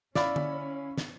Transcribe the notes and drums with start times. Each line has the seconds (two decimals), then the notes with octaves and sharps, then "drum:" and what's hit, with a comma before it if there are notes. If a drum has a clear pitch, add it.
0.15 C#4 E4 D5 F5 B5, drum: snare
0.36 drum: tom D3
0.98 drum: snare